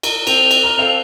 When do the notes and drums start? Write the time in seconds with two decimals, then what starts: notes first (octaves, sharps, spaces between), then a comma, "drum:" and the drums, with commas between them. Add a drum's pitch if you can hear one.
0.03 A#4, drum: cymbal
0.27 C4 F7, drum: cymbal
0.51 drum: cymbal
0.63 A#5 F6
0.78 C4 A4 F5